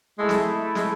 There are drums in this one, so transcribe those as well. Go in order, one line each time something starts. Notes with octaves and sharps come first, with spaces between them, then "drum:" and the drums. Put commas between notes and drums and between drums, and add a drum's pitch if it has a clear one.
G#3 A3 E4 A4
drum: snare
G#3, drum: snare